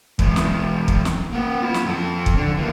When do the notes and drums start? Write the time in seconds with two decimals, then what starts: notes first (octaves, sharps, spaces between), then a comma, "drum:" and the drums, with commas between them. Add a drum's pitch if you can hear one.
0.19 E3 G#3, drum: kick
0.36 drum: snare
0.88 drum: kick
1.05 drum: snare
1.32 A#3 F#5
1.62 F4 B5
1.74 drum: snare
1.86 F2 A4
2.26 drum: kick
2.37 D3
2.57 E3 A#3